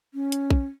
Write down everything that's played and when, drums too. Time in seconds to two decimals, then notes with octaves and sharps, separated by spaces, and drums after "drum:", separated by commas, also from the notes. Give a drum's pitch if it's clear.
0.14 C#4
0.32 drum: hi-hat
0.50 drum: kick